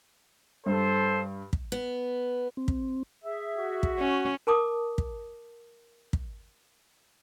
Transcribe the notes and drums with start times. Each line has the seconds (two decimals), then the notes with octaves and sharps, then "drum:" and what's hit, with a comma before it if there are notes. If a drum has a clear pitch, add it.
0.66 G2 A4 C5
1.53 drum: kick
1.72 B3
2.57 C4
2.68 drum: kick
3.23 G#4 E5
3.58 F#4
3.83 drum: kick
3.99 C#4
4.47 A#4 A5 D6 D#6
4.98 drum: kick
6.13 drum: kick